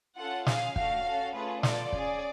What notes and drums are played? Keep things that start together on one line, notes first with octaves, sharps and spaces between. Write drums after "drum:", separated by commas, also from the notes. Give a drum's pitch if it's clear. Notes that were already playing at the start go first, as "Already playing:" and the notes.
C#4 F4 A4 F#5
C#4 G#4 F5, drum: snare
A3 D4 F#4 F5, drum: kick
C#4 F#4 A4
A3 C#4 F4 G#4 B4
B3 F4 A4 D5, drum: snare
C#4 G#4, drum: kick